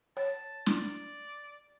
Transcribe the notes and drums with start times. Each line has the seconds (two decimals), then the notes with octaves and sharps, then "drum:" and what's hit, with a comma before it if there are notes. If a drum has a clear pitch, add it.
0.17 C#5 A5
0.66 D5, drum: snare